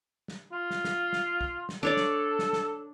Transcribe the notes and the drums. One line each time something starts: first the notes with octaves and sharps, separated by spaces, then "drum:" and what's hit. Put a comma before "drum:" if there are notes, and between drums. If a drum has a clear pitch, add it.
drum: snare
F4
drum: snare
drum: snare
drum: snare
drum: kick
drum: snare
D4 A4 C#5 D5
drum: snare
drum: snare
drum: snare